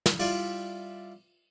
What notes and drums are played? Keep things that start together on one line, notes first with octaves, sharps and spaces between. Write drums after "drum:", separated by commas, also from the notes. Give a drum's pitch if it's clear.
drum: snare
G3 E4 F4 G4 D5, drum: open hi-hat